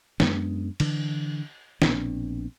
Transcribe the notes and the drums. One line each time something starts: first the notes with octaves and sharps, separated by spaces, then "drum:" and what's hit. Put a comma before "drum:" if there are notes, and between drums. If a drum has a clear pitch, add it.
F#2 G#3 B3 D4, drum: snare
D3 E3, drum: cymbal
A#1 B2 C4 D4, drum: snare